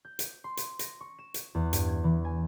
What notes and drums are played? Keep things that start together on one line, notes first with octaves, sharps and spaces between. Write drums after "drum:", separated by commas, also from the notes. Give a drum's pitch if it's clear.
G6
drum: hi-hat
C6
drum: hi-hat
A#6, drum: hi-hat
C#6
E7
drum: hi-hat
E2
G2, drum: hi-hat
G#6
E3
G#5